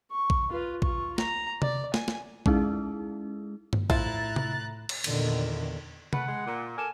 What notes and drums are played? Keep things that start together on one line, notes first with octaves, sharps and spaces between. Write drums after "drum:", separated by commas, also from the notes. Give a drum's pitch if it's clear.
C#6
drum: kick A#1
F4 B4
F4 C#6, drum: kick A#1
A#5, drum: snare
D5, drum: tom C3
G#5, drum: snare
drum: snare
G#3 C#4 D#4 E4 G#4, drum: kick A#1
drum: tom G2
A2 F3 E4 A#5 F#6 A6, drum: kick A#1
drum: tom C3
drum: cymbal
E2 A#2 D3 D#3, drum: cymbal
A3 B4 F#5, drum: tom C3
G#3
A#2
A4 A#4 D5 G#5